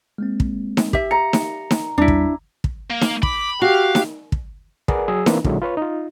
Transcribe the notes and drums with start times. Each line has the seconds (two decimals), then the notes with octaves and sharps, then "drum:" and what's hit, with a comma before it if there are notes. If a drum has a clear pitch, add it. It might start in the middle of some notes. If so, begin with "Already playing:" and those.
0.18 G#3 A#3 C4
0.40 drum: kick
0.77 drum: snare D#4
0.93 G4 E5, drum: kick
1.11 A#5 C#7
1.33 drum: snare D#4
1.71 drum: snare D#4
1.98 E2 G3 D4 E4 B6
2.08 drum: kick
2.64 drum: kick
2.91 A#3
3.01 drum: snare D#4
3.23 B5 D6, drum: kick
3.62 F#4 G4 F5 F#6
3.95 drum: snare D#4
4.32 drum: kick
4.88 G#4 A#4 B4 D5 F#5 G#5, drum: kick
5.08 F#3 G#4 E6
5.26 E3 A#3 C4 D4 E4 B4, drum: snare D#4
5.44 A#2 D3 F#3 G#3 E4, drum: kick
5.62 F4 B4 C#5
5.77 D#4 F4